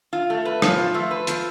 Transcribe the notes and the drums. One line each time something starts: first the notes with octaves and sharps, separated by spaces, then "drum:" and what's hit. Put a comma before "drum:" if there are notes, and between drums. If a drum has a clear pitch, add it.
F4
A3
B4
F3, drum: rim click
F4
A3
B4
F3, drum: hi-hat